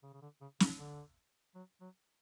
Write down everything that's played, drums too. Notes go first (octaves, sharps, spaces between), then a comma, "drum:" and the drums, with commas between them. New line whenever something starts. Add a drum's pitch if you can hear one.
C#3
C#3
D3
C#3
C#3, drum: snare
D3
F#3
F#3